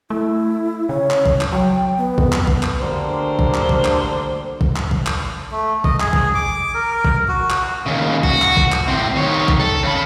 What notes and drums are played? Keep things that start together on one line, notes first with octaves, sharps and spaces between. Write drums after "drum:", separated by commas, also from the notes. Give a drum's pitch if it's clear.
A3 E4
C#3 C#5
drum: clap
drum: kick A1
drum: clap
F#3 G5
B3
F2, drum: kick A1
drum: clap
drum: kick A1
drum: clap
D2 D3 G3 A#3 C5
drum: kick A1
drum: clap
drum: kick A1
drum: clap
drum: kick A1
drum: clap
drum: kick A1
drum: clap
A3
D#5, drum: kick A1
G#4, drum: clap
drum: kick A1
D6
A#4
drum: kick A1
F#4
drum: clap
D#2 C#3
F#4, drum: kick A1
drum: clap
drum: kick A1
drum: clap
A2 C4
D#3 C#5
drum: kick A1
A4
C#3 B5